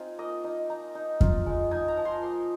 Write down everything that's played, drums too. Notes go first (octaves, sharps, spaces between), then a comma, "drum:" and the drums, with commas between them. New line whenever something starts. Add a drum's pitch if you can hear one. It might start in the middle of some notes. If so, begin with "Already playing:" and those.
Already playing: C4 D#4 F4 G#5
A#3 D#5
D#4 D#5
D#4 A#5
D#4
F4, drum: kick F2
G#3
D#4 G#5
A#5
F3
C6
A#3 C6